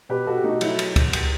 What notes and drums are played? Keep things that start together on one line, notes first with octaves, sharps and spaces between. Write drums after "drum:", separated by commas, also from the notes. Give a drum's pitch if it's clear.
B2 G4 B4
B2 F#4 A4
G4
A3 D#4 F#4
F#3 E4, drum: cymbal
drum: cymbal
drum: kick C#2, cymbal
drum: cymbal